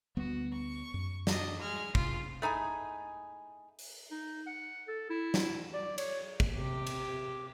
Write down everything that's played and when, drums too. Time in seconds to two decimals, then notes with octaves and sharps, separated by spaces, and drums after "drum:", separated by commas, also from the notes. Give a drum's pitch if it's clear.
0.17 D2 G3 B3 F#4
0.53 C#6
0.94 F#2
1.27 D4 D#5, drum: snare
1.59 G#3 F6
1.95 C3 F4, drum: kick
2.42 A3 D#4 E4 G#4
3.79 drum: open hi-hat
4.11 D#4
4.47 F#5
4.88 A4
5.10 E4
5.34 drum: snare
5.74 D5
5.98 C#5, drum: cymbal
6.40 drum: kick
6.57 C3 G4
6.87 drum: cymbal